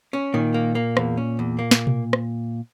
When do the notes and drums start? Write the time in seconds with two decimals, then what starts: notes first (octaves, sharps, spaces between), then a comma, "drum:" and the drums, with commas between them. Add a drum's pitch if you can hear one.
0.13 C#4
0.34 A#2 D#3
0.54 A#3
0.75 A#3
0.97 E2, drum: rim click
1.17 C#4
1.39 E2
1.59 A#3
1.71 drum: snare
1.87 drum: tom B2
2.13 drum: rim click